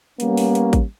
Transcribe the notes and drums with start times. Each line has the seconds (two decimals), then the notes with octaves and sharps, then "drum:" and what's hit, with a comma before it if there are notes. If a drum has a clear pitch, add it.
0.20 G3 A#3 B3 C#4, drum: hi-hat
0.37 drum: open hi-hat
0.55 drum: hi-hat
0.73 drum: kick, hi-hat